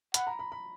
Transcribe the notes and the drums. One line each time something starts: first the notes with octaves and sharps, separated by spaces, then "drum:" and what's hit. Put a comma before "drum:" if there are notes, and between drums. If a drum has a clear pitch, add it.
F#5 B5, drum: hi-hat
A#5
B5
B5